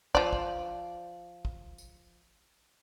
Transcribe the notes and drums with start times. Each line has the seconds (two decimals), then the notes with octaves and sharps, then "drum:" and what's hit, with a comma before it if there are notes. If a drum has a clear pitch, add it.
0.15 F3 D5, drum: kick
0.33 drum: kick
1.45 drum: kick
1.78 drum: tambourine